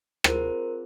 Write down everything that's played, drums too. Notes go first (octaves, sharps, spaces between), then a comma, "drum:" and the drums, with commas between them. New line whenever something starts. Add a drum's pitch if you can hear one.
C4 F4 G#4 A#4 C5, drum: rim click